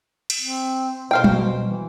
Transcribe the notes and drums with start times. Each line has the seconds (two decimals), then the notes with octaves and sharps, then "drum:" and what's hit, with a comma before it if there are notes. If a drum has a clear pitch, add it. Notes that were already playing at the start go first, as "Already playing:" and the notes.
0.30 drum: cymbal
0.40 C4
1.11 B2 C5 F5 G5
1.24 drum: tom F#3
1.67 E3